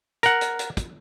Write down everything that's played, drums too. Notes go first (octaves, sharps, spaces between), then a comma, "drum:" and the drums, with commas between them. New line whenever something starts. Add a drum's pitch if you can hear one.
A#4 F#5, drum: hi-hat
drum: hi-hat
drum: hi-hat
drum: kick, hi-hat